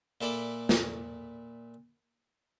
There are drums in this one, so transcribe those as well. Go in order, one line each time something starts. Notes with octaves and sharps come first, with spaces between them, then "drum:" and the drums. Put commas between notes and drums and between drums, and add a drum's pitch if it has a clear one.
A#2 E4 A4 D5 B5
drum: snare